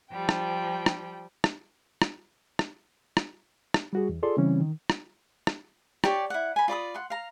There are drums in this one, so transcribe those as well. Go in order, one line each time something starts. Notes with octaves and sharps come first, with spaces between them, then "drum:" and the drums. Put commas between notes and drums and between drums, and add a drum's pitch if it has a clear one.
F3 G3 G5
drum: rim click
drum: rim click
drum: rim click
drum: rim click
drum: rim click
drum: rim click
drum: rim click
G3 F#4 G#4
E2
F4 G#4 A4 D5 C6
C#3 E3 G3 C4 C#4
D#3
drum: rim click
drum: rim click
G4 C#5 D5 A5, drum: rim click
E4 F#5
G#5 B5
F4 D5 B5 D#6
F#5 C6
F5 A#5